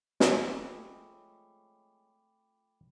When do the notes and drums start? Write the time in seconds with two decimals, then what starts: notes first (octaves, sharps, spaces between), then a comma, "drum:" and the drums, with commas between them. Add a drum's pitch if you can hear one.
0.20 F3 G#3 A3 C4 C#4 G5 B5 D6, drum: snare